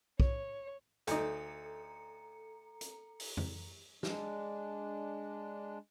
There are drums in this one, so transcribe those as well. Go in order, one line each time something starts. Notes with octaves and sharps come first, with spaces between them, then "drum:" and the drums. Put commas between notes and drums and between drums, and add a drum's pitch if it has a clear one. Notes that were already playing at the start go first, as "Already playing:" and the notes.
C#5, drum: kick
D2 D#4 A4 A#5 C#7, drum: hi-hat
drum: hi-hat
drum: open hi-hat
drum: tom F2
G#3 D4, drum: snare